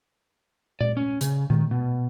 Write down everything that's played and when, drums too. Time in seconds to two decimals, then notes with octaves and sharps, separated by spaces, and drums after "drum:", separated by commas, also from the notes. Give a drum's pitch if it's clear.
0.81 D5, drum: tom A#2
0.97 C#4
1.21 C#3, drum: hi-hat
1.50 D#3, drum: tom A#2
1.71 B2